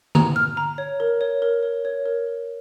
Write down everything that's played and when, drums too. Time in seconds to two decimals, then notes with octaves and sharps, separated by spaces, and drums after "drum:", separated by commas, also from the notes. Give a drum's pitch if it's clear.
0.15 A#5, drum: tom D3
0.36 F6
0.57 A#5
0.78 C#5
1.00 A#4
1.21 C#5
1.42 A#4
1.63 C#5
1.85 C#5
2.06 A#4